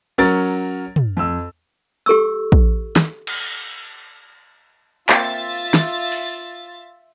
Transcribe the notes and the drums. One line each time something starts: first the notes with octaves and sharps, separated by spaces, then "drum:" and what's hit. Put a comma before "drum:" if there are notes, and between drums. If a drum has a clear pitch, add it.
F#3 C#4 A#4 A6
drum: tom
F2 E6
G4 A4 C#6 E6
drum: kick
drum: snare
drum: cymbal
A#3 C4 F4 E5 A6, drum: clap
drum: snare
drum: open hi-hat